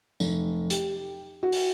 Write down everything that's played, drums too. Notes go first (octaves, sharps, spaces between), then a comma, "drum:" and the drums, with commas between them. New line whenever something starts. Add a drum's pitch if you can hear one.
F1, drum: tambourine
G4, drum: hi-hat
F#4
drum: open hi-hat